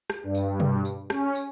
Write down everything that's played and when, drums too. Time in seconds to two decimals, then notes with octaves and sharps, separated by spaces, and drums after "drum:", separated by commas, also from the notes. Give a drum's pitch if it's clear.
0.10 drum: rim click
0.24 G2
0.35 drum: tambourine
0.60 drum: tom
0.85 drum: tambourine
1.10 C#4, drum: rim click
1.35 drum: tambourine